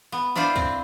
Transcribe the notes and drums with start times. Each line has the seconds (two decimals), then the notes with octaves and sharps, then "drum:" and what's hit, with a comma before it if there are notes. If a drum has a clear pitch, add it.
0.12 B3
0.36 D4 E4 F4 C5 D5
0.56 C4, drum: kick